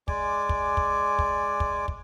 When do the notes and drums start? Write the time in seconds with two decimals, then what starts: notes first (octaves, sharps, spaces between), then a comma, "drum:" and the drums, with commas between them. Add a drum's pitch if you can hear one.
0.08 G#3 D5 G#5 D6, drum: kick
0.49 drum: kick
0.77 drum: kick
1.19 drum: kick
1.60 drum: kick
1.88 drum: kick